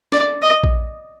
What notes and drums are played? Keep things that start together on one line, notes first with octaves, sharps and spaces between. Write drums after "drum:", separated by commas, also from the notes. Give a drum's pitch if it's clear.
D5, drum: snare
D#5
drum: kick A#1